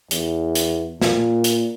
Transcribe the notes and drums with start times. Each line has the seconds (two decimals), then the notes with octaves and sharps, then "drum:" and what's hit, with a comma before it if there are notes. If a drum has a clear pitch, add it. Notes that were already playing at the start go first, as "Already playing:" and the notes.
0.11 E2, drum: hi-hat
0.55 drum: hi-hat
1.02 A#2, drum: snare
1.44 drum: hi-hat